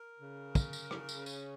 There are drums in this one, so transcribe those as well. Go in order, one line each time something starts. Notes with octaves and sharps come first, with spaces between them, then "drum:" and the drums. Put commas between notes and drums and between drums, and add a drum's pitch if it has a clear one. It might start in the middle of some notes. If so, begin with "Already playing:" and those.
Already playing: A#4
C#3
drum: kick, tambourine
drum: tambourine
drum: rim click
drum: tambourine
C#4, drum: tambourine